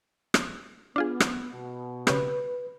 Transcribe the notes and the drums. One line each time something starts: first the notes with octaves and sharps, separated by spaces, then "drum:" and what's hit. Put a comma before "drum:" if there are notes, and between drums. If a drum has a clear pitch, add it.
drum: rim click
B3 D4 F4 G#4
drum: rim click
B2
C#3 C#4 G4 B4, drum: rim click